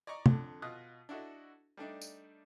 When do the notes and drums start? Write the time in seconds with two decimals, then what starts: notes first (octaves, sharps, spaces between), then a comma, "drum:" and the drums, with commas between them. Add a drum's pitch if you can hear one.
0.07 D5 D#5 A#5 C#6
0.26 F2 D3, drum: tom
0.62 B2 F4 D#5 D#6 F#6
1.09 D4 E4 F#4 A4 D#5
1.77 G3 A3 D4 D#4
2.01 drum: tambourine